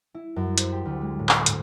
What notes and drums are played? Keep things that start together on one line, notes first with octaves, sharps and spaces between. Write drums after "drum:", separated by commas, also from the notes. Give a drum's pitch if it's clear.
E4
F#2
C5, drum: hi-hat
G4
D2
G#3
A2
drum: clap
G#2, drum: hi-hat